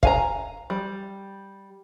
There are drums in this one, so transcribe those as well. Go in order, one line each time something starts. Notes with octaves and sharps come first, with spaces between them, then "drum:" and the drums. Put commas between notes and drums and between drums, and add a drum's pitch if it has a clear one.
F5 G#5 A#5, drum: kick
G3